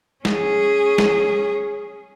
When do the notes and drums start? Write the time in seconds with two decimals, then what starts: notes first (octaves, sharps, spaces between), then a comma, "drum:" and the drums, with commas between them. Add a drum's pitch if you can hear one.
0.25 C#4 G#4, drum: snare
0.98 drum: snare